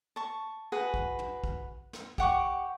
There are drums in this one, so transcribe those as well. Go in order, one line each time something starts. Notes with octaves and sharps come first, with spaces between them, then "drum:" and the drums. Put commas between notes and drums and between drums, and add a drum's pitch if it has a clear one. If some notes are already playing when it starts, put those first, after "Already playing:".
A5 C#6
F#4 G#4 B4
drum: kick
drum: tom
drum: kick
drum: snare
G4 F#5 C#6 D6, drum: kick